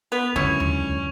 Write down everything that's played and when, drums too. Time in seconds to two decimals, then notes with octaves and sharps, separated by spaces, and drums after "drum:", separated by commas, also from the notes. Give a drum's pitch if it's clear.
0.12 B3 B4 F7
0.36 C#2 F#2 D3 C#4 E4 C#6
0.60 drum: tom D#2